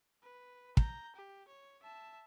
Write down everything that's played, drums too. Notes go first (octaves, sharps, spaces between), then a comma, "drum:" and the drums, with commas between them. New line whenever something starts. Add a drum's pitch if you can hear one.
B4
A#5 G6, drum: kick
G4
C#5
E5 A5